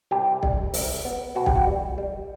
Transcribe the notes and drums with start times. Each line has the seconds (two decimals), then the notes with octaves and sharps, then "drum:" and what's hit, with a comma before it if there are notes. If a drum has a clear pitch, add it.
0.11 C2 G4
0.43 G3, drum: kick
0.74 C2, drum: open hi-hat
1.05 B3
1.35 B2 F#4
1.46 G4, drum: kick
1.55 F#4
1.67 G3
1.98 G3